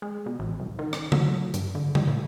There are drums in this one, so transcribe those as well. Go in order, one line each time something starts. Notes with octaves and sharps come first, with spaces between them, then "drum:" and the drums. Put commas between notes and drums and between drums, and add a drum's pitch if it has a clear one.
G#3
B2
A1
C2
D#3
drum: rim click
F#3, drum: tom C#3
G2, drum: hi-hat
D3
G3, drum: tom C#3
A#2